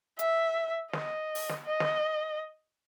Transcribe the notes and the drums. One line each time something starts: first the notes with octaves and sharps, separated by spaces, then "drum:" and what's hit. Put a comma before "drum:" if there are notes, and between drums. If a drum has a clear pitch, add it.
E5, drum: hi-hat
D#5, drum: snare
drum: open hi-hat
drum: snare
D#5
drum: snare